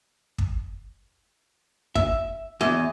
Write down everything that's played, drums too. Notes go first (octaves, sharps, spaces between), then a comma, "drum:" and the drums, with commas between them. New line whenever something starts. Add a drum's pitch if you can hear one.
drum: kick
E5, drum: kick
E2 D#5